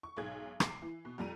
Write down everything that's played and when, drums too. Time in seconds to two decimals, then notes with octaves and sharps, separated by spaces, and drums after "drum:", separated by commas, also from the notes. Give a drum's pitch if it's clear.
0.03 C#6
0.17 B1 G#2 G#4 G#6
0.60 D6 C7, drum: rim click
0.82 E3
1.05 B2
1.18 F2 G3 A#5 D#7